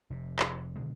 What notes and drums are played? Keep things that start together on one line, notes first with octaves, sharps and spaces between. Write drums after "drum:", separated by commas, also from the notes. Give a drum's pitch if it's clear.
F1 C3
drum: clap
B2 D3 D#3 G#3